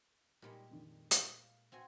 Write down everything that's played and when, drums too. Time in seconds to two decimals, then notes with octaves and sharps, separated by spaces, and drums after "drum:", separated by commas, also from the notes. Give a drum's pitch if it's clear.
0.42 A#2 G3 G#3 D#4 G4 A#4
0.70 F2 D#3
1.11 F5, drum: hi-hat
1.72 C4 F#4 G#5